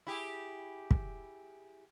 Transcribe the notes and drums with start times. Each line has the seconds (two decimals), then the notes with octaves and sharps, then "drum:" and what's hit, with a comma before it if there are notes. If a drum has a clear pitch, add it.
0.07 E4 G4 G#4
0.91 drum: kick